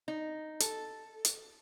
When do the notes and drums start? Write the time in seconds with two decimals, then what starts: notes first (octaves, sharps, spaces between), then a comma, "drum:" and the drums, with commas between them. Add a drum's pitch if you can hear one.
0.08 D#4
0.60 A4, drum: hi-hat
1.25 drum: hi-hat